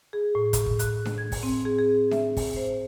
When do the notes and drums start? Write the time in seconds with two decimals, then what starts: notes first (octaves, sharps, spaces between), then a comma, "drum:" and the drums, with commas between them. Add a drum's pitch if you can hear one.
0.13 G#4
0.35 A2
0.53 drum: kick, hi-hat
0.66 drum: kick
0.79 F#6, drum: hi-hat
1.05 drum: snare D4
1.18 G#6
1.32 drum: kick, open hi-hat
1.43 C4
1.65 G#4
1.78 G#4
2.11 E5, drum: snare D4
2.37 drum: kick, open hi-hat
2.56 C5